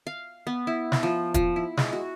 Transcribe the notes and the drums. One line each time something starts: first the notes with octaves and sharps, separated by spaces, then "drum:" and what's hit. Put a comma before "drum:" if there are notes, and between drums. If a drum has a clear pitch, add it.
F5
B3
E4
drum: snare
F3
F3, drum: kick, hi-hat
E4
G#3, drum: snare
F#4